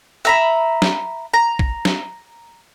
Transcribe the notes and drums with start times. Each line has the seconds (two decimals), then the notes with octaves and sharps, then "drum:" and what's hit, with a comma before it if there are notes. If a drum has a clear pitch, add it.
0.25 E5 A#5 B5
0.82 drum: snare
1.34 A#5
1.59 drum: kick
1.85 drum: snare